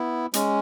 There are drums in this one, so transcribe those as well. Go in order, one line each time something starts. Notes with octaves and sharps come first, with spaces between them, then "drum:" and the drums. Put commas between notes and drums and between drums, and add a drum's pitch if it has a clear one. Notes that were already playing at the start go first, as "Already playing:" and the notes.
Already playing: B3 E4
G#3 C#4, drum: hi-hat